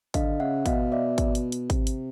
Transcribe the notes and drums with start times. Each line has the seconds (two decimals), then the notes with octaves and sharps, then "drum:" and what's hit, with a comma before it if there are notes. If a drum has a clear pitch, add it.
0.14 D3 D#5 F5, drum: kick, hi-hat
0.40 C#3 E5 F#5
0.66 B2 D#5 F5, drum: kick, hi-hat
0.92 D5 E5
1.18 drum: kick, hi-hat
1.35 drum: hi-hat
1.52 drum: hi-hat
1.70 C3, drum: kick, hi-hat
1.87 drum: hi-hat